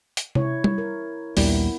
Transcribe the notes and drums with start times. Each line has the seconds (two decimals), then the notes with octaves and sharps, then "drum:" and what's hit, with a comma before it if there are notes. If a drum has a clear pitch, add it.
0.17 drum: hi-hat
0.35 E4 C#5, drum: tom C3
0.64 drum: tom G3
0.78 A#4
1.37 A#1 D#2 G3 B3 E4 A#4, drum: open hi-hat